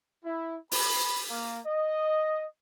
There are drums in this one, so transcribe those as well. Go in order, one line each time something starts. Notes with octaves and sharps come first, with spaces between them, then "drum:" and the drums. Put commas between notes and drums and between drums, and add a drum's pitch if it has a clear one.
E4
B5, drum: open hi-hat
A#3
D#5